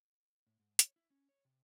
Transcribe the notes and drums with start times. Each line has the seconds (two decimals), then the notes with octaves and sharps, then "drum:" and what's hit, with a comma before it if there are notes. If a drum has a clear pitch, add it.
0.47 A2
0.60 G#2
0.79 C#5, drum: hi-hat
0.96 E4
1.10 C#4
1.29 C#5
1.45 C3